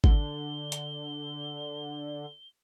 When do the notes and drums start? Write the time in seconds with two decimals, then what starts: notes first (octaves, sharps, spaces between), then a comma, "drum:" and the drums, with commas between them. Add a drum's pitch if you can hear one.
0.04 D3 G7, drum: kick G#1
0.72 drum: hi-hat